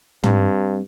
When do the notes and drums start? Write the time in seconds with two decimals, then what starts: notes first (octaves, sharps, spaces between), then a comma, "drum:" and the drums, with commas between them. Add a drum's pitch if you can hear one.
0.23 G2 G3 C4, drum: tom